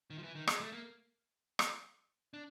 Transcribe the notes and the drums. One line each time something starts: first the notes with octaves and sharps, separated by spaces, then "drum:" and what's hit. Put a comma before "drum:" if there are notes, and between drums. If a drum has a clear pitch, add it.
D#3
F3
E3
D#3
G#3, drum: rim click
A3
A#3
drum: rim click
D4